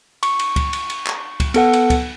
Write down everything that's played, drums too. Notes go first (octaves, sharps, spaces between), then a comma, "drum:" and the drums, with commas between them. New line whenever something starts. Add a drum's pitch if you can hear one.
C#6, drum: cymbal
drum: cymbal
drum: kick C#2, cymbal
drum: cymbal
drum: cymbal
drum: clap
drum: kick C#2, cymbal
B3 A4 F#5, drum: cymbal
drum: cymbal
drum: kick C#2, cymbal